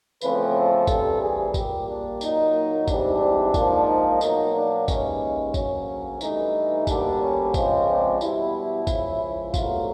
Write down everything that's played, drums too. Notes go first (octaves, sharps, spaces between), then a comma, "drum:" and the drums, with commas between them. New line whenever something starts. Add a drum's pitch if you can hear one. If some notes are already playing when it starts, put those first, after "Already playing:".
E2 C#3 F3 A3 C4 B4, drum: tambourine
A4
D2 C3 E3 G3 C4, drum: kick G#1, tambourine
G#4
A#2 G3 A#3 G4, drum: kick G#1, tambourine
D4
A#2 F#3 A#3 D#4, drum: tambourine
G#2 E3 G3 C4 D4, drum: kick G#1, tambourine
G#2 F3 A#3, drum: kick G#1, tambourine
D#4
B2 F#3 A#3, drum: tambourine
D4
D#2 C#3 E3 G#3 C#4, drum: kick G#1, tambourine
D2 C#3 F#3 A#3 C#4, drum: kick G#1, tambourine
G2 E3 A3 D#4, drum: tambourine
D2 D3 G3 A#3 D4, drum: kick G#1, tambourine
C#4
C#2 C#3 F3 G#3 C4 C#4, drum: kick G#1, tambourine
D4
E2 B2 G3 E4, drum: tambourine
C#2 C#3 F3, drum: kick G#1, tambourine
C2 B2 F#3 A3 F4, drum: kick G#1, tambourine